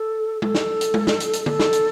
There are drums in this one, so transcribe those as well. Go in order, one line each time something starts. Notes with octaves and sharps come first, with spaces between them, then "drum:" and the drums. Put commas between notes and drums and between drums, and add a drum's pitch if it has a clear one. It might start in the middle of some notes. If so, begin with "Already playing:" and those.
Already playing: A4
A4, drum: tom
drum: snare
drum: hi-hat
drum: tom
drum: snare
drum: hi-hat
drum: hi-hat
A4, drum: tom
drum: snare
drum: hi-hat